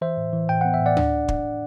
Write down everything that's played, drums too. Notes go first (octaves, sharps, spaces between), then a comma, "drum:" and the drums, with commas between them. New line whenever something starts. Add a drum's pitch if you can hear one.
E3 C5 E5
A2
E3
A2 G5
B3 F#5
E5
A2
D5 F#5
D4, drum: tom D2
drum: kick